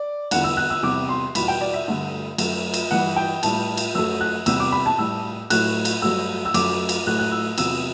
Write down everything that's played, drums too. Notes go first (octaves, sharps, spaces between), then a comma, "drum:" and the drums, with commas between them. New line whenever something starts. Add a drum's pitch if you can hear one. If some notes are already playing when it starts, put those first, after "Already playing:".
Already playing: D5
E2 D3 G3 F#5, drum: cymbal
E6
F#6
E6
E2 C3 G3 D6
C6
E2 B2 G3 B5, drum: cymbal
G5
D5
E5
G2 D3 A3
F#2 F#3 A3, drum: cymbal
drum: cymbal
G2 E3 G3 F#5
G5
A2 G3 A5, drum: cymbal
drum: cymbal
F#2 F#3 A3 E6
F#6
E2 C3 G3 E6, drum: cymbal
D6
B5
A5
A2 G3 E6
A2 F#3 A3 F#6, drum: cymbal
drum: cymbal
G2 F#3 A3 E6
E6
F#2 F#3 A3 D6, drum: cymbal
drum: cymbal
A2 F#3 A3 F#6
F#6
E6
E2 C3 F#3 E6, drum: cymbal